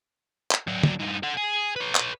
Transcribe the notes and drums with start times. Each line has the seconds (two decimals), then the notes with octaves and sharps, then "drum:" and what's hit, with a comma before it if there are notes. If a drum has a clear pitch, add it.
0.52 drum: clap
0.67 F#3 D4
0.83 drum: tom
0.99 G2 D#4
1.23 A4 F#5
1.37 G#4
1.76 B4 C#5
1.95 drum: clap